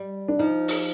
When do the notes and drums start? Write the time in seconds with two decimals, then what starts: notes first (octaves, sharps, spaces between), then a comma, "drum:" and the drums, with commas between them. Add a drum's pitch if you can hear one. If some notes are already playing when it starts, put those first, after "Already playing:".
Already playing: G3
0.28 D4
0.39 F3 D#4
0.68 drum: open hi-hat